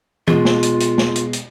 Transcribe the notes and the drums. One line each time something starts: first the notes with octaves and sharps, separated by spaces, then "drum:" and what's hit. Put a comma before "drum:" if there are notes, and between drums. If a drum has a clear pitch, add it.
B2 G#3 F4, drum: tom E3
drum: snare
drum: hi-hat
drum: hi-hat
drum: snare
drum: hi-hat
drum: hi-hat